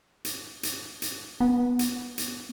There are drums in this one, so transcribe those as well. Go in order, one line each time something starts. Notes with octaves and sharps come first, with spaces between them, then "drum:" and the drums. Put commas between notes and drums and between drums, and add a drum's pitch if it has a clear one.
drum: hi-hat
drum: hi-hat
drum: hi-hat
B3
drum: hi-hat
drum: hi-hat